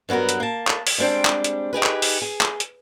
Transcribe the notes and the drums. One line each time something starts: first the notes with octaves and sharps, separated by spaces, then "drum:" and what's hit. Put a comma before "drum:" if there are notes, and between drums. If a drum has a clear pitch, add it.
G2 F#3 B3 A#4 A#5
drum: hi-hat
A#3 A5
drum: clap
drum: open hi-hat
G3 G#3 C4 D4 G5
drum: clap
drum: hi-hat
D#4 G4 G#4 B4
drum: clap
drum: open hi-hat
G#4
drum: clap
drum: hi-hat